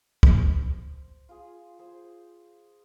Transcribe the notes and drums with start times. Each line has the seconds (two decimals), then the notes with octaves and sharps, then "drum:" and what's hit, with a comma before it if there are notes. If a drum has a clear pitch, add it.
0.23 C5, drum: kick
1.29 F4 G#4
1.79 G#4 C5